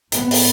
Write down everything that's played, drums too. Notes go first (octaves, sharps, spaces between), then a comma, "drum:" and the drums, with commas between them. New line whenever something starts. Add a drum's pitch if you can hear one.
G#2 B3, drum: hi-hat
drum: open hi-hat